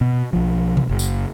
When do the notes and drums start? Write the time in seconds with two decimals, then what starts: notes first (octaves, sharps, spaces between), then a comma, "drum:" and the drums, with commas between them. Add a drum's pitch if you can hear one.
0.01 B2
0.33 B1 F3
0.77 drum: tom B2
0.89 F#1
0.99 drum: tambourine